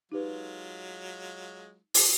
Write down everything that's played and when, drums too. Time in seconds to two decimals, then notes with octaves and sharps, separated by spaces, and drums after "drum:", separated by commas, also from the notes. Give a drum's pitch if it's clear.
0.12 F#3 G#3 D#4 F4 G4 B4
1.94 drum: open hi-hat